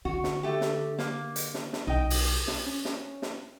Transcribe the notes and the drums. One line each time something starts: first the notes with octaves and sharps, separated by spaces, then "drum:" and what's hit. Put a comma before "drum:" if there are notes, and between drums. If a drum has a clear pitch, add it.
D3 F#4
drum: snare
A3 G4
drum: snare
A#3, drum: snare
drum: hi-hat
drum: snare
drum: snare
B1 D#4 G5
drum: open hi-hat
drum: snare
C#4
drum: snare
drum: snare